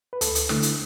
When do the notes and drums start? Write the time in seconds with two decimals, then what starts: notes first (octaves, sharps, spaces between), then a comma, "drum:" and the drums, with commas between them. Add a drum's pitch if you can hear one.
0.13 B4
0.21 D2 A4, drum: hi-hat
0.35 drum: hi-hat
0.49 D3 A3 E4, drum: snare
0.63 drum: hi-hat